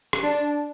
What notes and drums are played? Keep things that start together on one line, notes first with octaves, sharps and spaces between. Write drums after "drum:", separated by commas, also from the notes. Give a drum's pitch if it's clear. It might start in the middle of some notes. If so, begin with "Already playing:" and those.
drum: rim click
D4